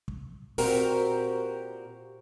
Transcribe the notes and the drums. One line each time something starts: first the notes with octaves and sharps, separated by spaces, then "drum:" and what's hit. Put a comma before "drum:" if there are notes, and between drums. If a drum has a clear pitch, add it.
drum: kick
A#2 C4 F#4 G4 A#4, drum: open hi-hat